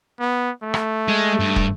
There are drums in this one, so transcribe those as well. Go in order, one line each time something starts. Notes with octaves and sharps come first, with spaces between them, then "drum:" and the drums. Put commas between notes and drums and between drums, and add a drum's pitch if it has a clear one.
B3
A3
drum: rim click
G#3
G2
drum: kick